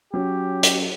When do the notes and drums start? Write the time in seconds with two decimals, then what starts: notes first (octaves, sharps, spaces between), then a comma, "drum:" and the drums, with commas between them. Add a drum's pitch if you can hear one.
0.14 F#3 C#4 G4
0.63 drum: hi-hat